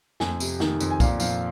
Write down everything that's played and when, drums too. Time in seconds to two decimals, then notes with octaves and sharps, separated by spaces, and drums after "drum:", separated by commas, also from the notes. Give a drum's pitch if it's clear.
0.20 F2 G#5, drum: snare
0.40 C3, drum: tambourine
0.60 D#3, drum: snare
0.80 F2, drum: tambourine
0.91 G#5
1.00 A#2 F5, drum: kick, tambourine
1.20 F3 F5, drum: tambourine